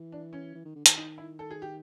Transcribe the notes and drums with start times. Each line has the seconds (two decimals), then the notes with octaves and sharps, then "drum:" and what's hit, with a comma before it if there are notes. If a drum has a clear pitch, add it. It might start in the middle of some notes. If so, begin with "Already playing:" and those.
Already playing: E3
0.12 D4
0.33 C#4
0.55 E3
0.65 D#3
0.76 D3
0.86 D#3, drum: hi-hat
0.96 D#4
1.18 E4
1.39 A4
1.50 G#4
1.62 G4